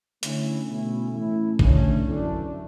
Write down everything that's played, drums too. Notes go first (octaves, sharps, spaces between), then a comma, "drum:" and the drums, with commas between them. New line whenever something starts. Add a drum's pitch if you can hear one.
D3 A3 C#4 E4, drum: hi-hat
B2 A3 C#4 E4
A2 E3 A3 C#4 E4
D3 A3 C#4, drum: kick
F#2 E3 A3 D4